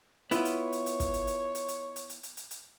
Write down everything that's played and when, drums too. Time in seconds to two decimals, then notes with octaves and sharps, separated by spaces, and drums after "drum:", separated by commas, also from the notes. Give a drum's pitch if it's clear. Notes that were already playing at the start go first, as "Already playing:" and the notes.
0.31 B3 E4 F4 C#5, drum: hi-hat
0.45 drum: hi-hat
0.72 drum: hi-hat
0.86 drum: hi-hat
1.00 drum: kick, hi-hat
1.14 drum: hi-hat
1.27 drum: hi-hat
1.55 drum: hi-hat
1.68 drum: hi-hat
1.96 drum: hi-hat
2.10 drum: hi-hat
2.23 drum: hi-hat
2.37 drum: hi-hat
2.51 drum: hi-hat